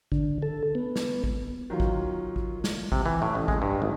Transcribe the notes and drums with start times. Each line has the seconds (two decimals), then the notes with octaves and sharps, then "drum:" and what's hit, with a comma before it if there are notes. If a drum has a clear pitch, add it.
0.12 D3, drum: kick A1
0.42 A4
0.75 B3
0.96 drum: snare
1.24 drum: kick A1
1.70 D#3 F#3 F4
1.80 drum: kick A1
2.36 drum: kick A1
2.64 drum: snare
2.92 C3, drum: kick A1
3.06 E3
3.22 A2
3.35 A1
3.48 G#3, drum: kick A1
3.62 G2
3.82 G#1